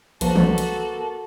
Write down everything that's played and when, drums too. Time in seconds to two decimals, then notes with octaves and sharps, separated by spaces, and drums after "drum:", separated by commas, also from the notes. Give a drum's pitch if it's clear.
0.21 B1 F3 A#3 F#4 A4 B4 A5, drum: hi-hat
0.36 drum: tom
0.58 drum: hi-hat